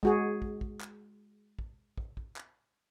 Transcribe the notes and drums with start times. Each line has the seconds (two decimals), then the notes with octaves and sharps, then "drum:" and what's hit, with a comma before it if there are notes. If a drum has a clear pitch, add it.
0.03 G#3 F#4 G#4, drum: kick
0.42 drum: kick
0.61 drum: kick
0.81 drum: clap
1.59 drum: kick
1.97 drum: kick
2.17 drum: kick
2.36 drum: clap